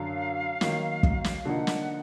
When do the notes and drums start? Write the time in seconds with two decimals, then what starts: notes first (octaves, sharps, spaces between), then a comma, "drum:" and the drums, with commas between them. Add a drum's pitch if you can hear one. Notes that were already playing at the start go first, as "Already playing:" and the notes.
Already playing: F#2 D3 F#3 F5
0.61 D#3 F#3 A#3, drum: snare
1.03 drum: kick
1.24 drum: snare
1.45 D3 F3 A#3 D#4 F#5
1.67 drum: snare